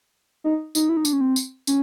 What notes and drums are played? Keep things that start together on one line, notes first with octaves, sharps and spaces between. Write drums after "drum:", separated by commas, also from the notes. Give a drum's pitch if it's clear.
D#4
D#4, drum: tambourine
E4
D#4
D4, drum: tambourine
C#4
C4
drum: tambourine
C#4, drum: tambourine